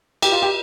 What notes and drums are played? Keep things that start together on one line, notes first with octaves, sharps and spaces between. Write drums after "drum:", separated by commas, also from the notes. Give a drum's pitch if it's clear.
G4, drum: cymbal
F4
G4